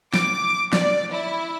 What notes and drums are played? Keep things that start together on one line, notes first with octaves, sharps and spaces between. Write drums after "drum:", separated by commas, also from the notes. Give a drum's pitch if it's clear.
D6, drum: snare
D5, drum: snare
E4